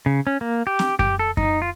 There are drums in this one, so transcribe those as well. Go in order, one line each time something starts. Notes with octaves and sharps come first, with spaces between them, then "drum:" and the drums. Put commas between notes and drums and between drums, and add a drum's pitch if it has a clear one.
C#3
C#4
A#3
G4
drum: snare C4
G4, drum: kick F#2
A4
D#4, drum: kick F#2
F4